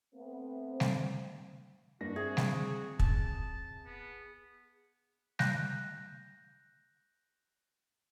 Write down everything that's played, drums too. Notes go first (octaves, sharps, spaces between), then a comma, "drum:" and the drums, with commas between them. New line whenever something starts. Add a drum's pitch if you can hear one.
A3 B3 C4
drum: snare G3
G2 A#3 F#4 A#6
C4 G#4 E5
drum: snare G3
A5, drum: kick
B3
F#6 G6 A#6, drum: snare G3